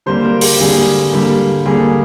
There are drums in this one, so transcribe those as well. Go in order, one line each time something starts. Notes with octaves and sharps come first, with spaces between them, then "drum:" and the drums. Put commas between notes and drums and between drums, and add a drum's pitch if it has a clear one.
D3 G3 A#3 C5
A#4
G4, drum: open hi-hat
D3 G3 A#3 G#4
D3 G3 A#3
D3 G3 A#3 G#4